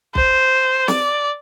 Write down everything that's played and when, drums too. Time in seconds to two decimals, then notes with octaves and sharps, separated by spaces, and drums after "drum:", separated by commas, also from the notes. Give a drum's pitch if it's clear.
0.15 C5, drum: kick B1
0.88 D5, drum: snare C4